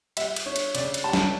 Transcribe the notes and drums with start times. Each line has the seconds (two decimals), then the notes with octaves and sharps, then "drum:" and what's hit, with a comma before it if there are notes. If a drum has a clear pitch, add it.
0.17 G3 E5, drum: cymbal
0.36 drum: cymbal
0.46 D4 C#5
0.56 drum: cymbal
0.75 C#3 D5, drum: cymbal
0.94 drum: cymbal
1.04 G3 A5
1.13 drum: snare